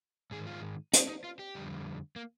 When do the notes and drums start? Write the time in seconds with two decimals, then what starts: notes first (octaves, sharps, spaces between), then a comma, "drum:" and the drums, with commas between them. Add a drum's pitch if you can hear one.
0.31 G#2 D#3 G#3 G#4
0.47 F4
0.93 D#4, drum: hi-hat
1.08 D#4
1.24 F4
1.39 G4
1.55 F2 D3 G3
2.16 A#3